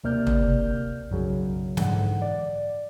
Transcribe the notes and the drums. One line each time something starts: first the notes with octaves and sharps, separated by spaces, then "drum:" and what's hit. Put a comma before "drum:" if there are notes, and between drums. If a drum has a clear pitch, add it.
D2 C3 A#3 D5 F6 G6
drum: tom
B1 F#2 C#3 F#3
G#2 D3 E3 F#5, drum: snare
D5